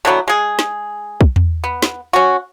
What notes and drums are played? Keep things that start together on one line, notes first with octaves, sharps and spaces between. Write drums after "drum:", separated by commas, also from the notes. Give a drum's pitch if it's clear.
D3 E3 F#3 B3
G#3 G#4
drum: snare
drum: kick
drum: tom E2
B3
drum: snare
C#4 F#4